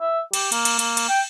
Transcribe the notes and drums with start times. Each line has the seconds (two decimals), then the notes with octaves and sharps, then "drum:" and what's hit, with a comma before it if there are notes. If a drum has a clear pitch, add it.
0.01 E5
0.33 G4, drum: cymbal
0.52 A#3, drum: cymbal
0.65 drum: cymbal
0.79 A#3, drum: cymbal
0.97 drum: cymbal
1.09 G5